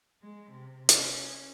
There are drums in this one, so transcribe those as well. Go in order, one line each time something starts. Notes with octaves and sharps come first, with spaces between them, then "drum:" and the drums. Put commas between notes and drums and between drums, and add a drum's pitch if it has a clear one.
G#3
C3
C#4, drum: hi-hat